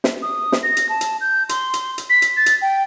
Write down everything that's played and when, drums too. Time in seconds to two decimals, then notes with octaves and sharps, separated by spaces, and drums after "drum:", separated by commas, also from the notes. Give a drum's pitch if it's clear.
0.04 drum: snare
0.22 D#6
0.52 drum: snare
0.63 A#6
0.77 drum: hi-hat
0.89 A5
1.01 drum: hi-hat
1.21 G6
1.49 C6, drum: hi-hat
1.74 drum: hi-hat
1.98 drum: hi-hat
2.10 B6
2.22 drum: hi-hat
2.37 A6
2.46 drum: hi-hat
2.62 G5